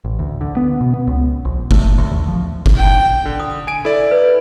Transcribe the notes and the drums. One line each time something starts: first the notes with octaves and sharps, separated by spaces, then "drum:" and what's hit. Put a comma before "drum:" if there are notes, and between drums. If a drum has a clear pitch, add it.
A1
D2
D3
B3
B2
B3
C#2
A#1
A3, drum: kick F#1
D2
D#2
F3
drum: kick F#1
G5
D3
D#6
G#5 D7
E4 A4 D5
B4